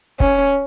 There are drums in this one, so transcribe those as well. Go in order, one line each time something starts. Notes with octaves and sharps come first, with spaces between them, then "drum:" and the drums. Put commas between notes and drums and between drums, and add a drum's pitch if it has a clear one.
C#4, drum: kick